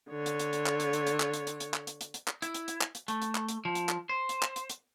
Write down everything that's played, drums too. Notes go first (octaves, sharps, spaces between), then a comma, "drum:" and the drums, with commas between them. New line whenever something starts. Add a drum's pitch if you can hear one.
D3 C#5
drum: hi-hat
drum: hi-hat
drum: hi-hat
drum: clap
drum: hi-hat
drum: hi-hat
drum: hi-hat
drum: clap
drum: hi-hat
drum: hi-hat
drum: hi-hat
drum: clap
drum: hi-hat
drum: hi-hat
drum: hi-hat
drum: clap
E4, drum: hi-hat
drum: hi-hat
drum: hi-hat
drum: clap
drum: hi-hat
A3, drum: hi-hat
drum: hi-hat
drum: clap
drum: hi-hat
F3
drum: hi-hat
drum: clap
C5
drum: hi-hat
drum: clap
drum: hi-hat
drum: hi-hat